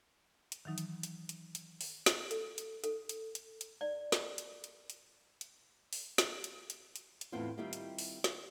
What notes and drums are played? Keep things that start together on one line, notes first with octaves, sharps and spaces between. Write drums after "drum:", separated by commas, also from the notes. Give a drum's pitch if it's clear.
drum: hi-hat
D#3 E3 F#3 D#4
drum: hi-hat
drum: hi-hat
drum: hi-hat
drum: hi-hat
drum: open hi-hat
drum: snare
A4, drum: hi-hat
drum: hi-hat
A4, drum: hi-hat
drum: hi-hat
drum: hi-hat
drum: hi-hat
D5
drum: snare
drum: hi-hat
drum: hi-hat
drum: hi-hat
drum: hi-hat
drum: open hi-hat
drum: snare
drum: hi-hat
drum: hi-hat
drum: hi-hat
drum: hi-hat
E2 A2 B3 C4 F4 C5
D#3 G3 C4 E4 F4 G4
drum: hi-hat
drum: open hi-hat
drum: snare